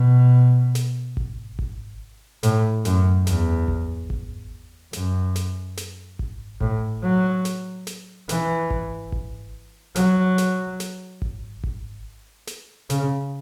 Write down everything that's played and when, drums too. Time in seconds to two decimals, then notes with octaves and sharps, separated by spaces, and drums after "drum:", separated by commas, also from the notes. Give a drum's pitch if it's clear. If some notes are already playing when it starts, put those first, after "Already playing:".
Already playing: B2
0.75 drum: snare
1.17 drum: kick G#1
1.59 drum: kick G#1
2.43 A2, drum: snare
2.85 F#2, drum: snare
3.27 E2, drum: snare
3.68 drum: kick G#1
4.10 drum: kick G#1
4.93 F#2, drum: snare
5.36 drum: snare
5.77 drum: snare
6.19 drum: kick G#1
6.61 A2, drum: kick G#1
7.03 F#3
7.45 drum: snare
7.87 drum: snare
8.29 E3, drum: snare
8.71 drum: kick G#1
9.12 drum: kick G#1
9.96 F#3, drum: snare
10.38 drum: snare
10.80 drum: snare
11.22 drum: kick G#1
11.64 drum: kick G#1
12.47 drum: snare
12.90 C#3, drum: snare